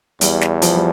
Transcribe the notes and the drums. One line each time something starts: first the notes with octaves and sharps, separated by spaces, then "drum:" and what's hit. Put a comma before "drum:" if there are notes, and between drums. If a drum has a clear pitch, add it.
E2 G3, drum: hi-hat
drum: snare
F3, drum: hi-hat
G3